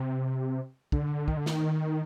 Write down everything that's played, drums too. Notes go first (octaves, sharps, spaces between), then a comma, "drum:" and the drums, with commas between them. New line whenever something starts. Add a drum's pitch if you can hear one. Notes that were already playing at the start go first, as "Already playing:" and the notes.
Already playing: C3
D3, drum: kick
D#3, drum: kick
D3
D#3, drum: snare